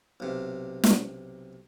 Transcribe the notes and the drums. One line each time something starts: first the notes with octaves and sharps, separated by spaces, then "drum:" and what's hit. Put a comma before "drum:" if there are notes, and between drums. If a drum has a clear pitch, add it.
B1 C3
drum: snare